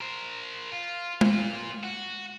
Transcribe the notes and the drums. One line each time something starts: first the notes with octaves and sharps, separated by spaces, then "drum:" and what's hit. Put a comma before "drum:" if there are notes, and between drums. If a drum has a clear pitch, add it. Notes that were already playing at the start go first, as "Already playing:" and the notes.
A#4 C5
F4
A#2 F4, drum: tom G#3
F#4